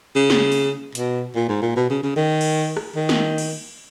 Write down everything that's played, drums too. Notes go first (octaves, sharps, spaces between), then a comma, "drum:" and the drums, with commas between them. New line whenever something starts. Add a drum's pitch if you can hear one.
C#3
drum: snare
drum: open hi-hat
B2, drum: hi-hat
A#2
G#2
A#2
B2
C#3
C#3
D#3
drum: cymbal
drum: rim click
D#3
drum: snare
drum: cymbal